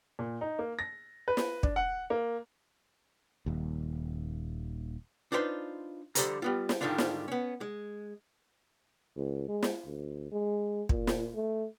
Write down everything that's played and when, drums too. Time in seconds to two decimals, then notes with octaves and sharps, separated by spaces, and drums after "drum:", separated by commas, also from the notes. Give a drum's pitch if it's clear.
0.19 A#2
0.41 D#4
0.59 A#3
0.79 A#6
1.28 B4
1.37 drum: snare
1.63 D4, drum: kick
1.76 F#5
2.10 A#3
3.46 D#1 D#2
5.32 D4 D#4 F4 G#4 B4 C5
6.15 D3 F3 G3 A4 C5 A#5, drum: hi-hat
6.42 G3 B3 F4
6.69 drum: snare
6.81 G#2 D3 D#3 G3 D4 F4
6.98 drum: snare
7.28 B3 C#4
7.61 G#3
9.17 C#2
9.48 G#3
9.63 drum: snare
9.86 D2
10.31 G#3
10.89 A#2, drum: kick
11.07 drum: snare
11.35 A3